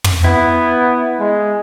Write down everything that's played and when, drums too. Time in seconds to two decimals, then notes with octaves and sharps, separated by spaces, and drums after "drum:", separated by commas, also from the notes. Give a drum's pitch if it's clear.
0.04 drum: tom
0.24 B3 E4
1.20 G#3